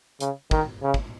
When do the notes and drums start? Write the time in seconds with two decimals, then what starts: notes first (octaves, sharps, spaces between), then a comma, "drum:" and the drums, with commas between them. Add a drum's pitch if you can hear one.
0.20 C#3, drum: hi-hat
0.51 D#3, drum: kick
0.82 C#3
0.94 drum: kick